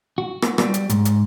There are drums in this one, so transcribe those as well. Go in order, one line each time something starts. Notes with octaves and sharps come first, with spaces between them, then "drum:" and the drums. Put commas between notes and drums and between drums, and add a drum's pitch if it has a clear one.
F#4
drum: rim click
G3, drum: rim click
drum: hi-hat
G#2, drum: hi-hat
drum: hi-hat